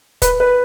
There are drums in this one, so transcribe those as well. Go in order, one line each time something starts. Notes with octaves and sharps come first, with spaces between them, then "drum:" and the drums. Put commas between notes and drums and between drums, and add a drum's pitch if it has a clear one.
B4, drum: kick, hi-hat
B4